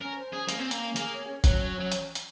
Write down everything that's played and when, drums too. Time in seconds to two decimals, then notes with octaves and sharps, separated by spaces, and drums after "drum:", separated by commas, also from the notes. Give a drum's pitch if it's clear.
0.01 C#4 A#4
0.16 C5
0.32 C#4 G#4
0.49 A#3 C#4, drum: hi-hat
0.59 C4
0.64 C#4
0.71 A#3, drum: hi-hat
0.81 C#4
0.96 A#3 G#4, drum: hi-hat
1.12 C#5
1.28 C#4
1.44 F#3 C#4, drum: kick, hi-hat
1.60 C#5
1.75 F#3 C#4
1.92 drum: hi-hat
2.15 drum: hi-hat